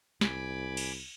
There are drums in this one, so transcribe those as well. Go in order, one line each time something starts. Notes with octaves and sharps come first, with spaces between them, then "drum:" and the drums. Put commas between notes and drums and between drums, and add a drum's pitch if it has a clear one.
C2 G#5 B5 D6, drum: snare
drum: cymbal